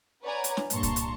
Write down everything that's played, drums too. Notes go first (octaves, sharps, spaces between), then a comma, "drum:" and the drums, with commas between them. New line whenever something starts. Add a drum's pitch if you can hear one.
B4 C#5 D5 F#5 G#5 A#5
drum: hi-hat
drum: snare
G2 A#2 A5 A#5 C6 C#6, drum: hi-hat
drum: kick C2, hi-hat
drum: hi-hat